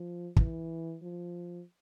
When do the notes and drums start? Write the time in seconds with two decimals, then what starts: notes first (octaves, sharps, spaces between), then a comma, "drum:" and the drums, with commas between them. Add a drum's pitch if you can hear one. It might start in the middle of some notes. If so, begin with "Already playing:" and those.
Already playing: F3
0.36 E3, drum: kick
1.03 F3